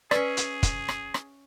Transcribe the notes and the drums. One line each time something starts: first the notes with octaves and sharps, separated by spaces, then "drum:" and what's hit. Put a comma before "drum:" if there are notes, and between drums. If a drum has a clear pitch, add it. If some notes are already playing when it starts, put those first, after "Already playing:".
C#4 G#4 B4 D5 E5, drum: rim click
drum: hi-hat
drum: kick, hi-hat
drum: rim click
drum: rim click